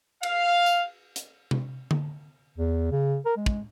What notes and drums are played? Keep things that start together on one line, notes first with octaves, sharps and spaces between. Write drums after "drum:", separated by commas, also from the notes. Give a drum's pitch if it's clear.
F5, drum: cymbal
drum: tambourine
drum: hi-hat
drum: tom C3
drum: tom D3
E2
C#3
A#4
G#3
drum: kick